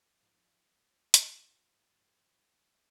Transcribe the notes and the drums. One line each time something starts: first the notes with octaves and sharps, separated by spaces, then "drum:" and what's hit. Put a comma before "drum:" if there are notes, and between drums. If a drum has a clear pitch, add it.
G#2 F3
drum: hi-hat